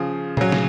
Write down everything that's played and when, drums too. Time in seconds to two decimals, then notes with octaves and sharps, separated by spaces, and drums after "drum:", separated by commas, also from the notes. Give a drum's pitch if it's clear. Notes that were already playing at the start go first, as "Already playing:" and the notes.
Already playing: C#3 F3
0.37 C#3 F#3, drum: tom A#2
0.52 drum: snare